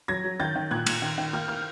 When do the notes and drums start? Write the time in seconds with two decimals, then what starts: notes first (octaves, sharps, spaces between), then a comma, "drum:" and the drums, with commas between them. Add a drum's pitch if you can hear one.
0.08 F#3 G#6 A#6
0.24 F#3
0.40 D#3 G6 A6
0.55 D#3
0.71 A#2 F#6 G#6
0.86 A#2, drum: cymbal
1.02 D#3
1.18 D#3
1.33 A#3 F6 G6
1.48 A#3 F6 G6